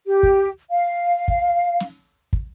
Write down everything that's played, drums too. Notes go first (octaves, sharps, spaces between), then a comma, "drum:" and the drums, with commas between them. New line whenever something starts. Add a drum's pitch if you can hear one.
G4
drum: kick
F5
drum: kick
drum: snare
drum: kick